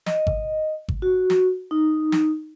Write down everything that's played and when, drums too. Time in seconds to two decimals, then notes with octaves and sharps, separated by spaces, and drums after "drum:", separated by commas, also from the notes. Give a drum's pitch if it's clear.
0.06 D#5, drum: snare
0.27 drum: kick G#1
0.88 drum: kick G#1
1.02 F#4
1.30 drum: snare
1.71 D#4
2.12 drum: snare